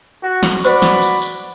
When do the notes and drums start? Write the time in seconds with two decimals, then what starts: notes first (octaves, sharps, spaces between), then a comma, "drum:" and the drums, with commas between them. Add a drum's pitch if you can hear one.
0.23 F#4
0.43 drum: snare
0.64 F#4 B4 C5 D5 B5 C#6, drum: tambourine
0.82 drum: snare
1.02 drum: tambourine
1.22 drum: tambourine